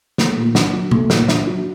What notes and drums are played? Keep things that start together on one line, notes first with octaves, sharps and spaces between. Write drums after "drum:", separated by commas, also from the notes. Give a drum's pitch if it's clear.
A3, drum: snare
A#2
D4, drum: snare
F#3
A3, drum: tom C3
A#2, drum: snare
D4, drum: snare
F#3